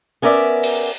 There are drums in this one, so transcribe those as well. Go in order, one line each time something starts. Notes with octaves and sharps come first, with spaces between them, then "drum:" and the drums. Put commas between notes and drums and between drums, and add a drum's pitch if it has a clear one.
B3 C#4 A#4 D5 E5
drum: open hi-hat